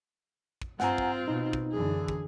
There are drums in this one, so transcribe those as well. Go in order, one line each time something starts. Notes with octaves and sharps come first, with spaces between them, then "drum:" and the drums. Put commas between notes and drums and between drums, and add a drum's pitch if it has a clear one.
drum: kick
G2 C4 F4 F#5 G#5 A#5, drum: snare
drum: kick
B2 D#4
drum: kick
F#2 D3 E3 G#4
drum: kick